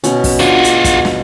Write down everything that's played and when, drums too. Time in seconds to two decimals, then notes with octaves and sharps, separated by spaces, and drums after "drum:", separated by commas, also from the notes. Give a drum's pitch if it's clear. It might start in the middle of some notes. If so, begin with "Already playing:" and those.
0.04 B2 C#4, drum: hi-hat
0.24 drum: kick, open hi-hat
0.40 D4 F4 F#4
0.64 drum: hi-hat
0.84 drum: kick, hi-hat
1.05 drum: snare